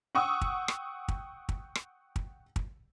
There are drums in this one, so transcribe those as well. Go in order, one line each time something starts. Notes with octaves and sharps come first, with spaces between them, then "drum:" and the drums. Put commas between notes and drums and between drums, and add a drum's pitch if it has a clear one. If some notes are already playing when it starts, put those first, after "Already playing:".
F#5 G5 C#6 D#6 E6
drum: kick
drum: rim click
drum: kick
drum: kick
drum: rim click
drum: kick
drum: kick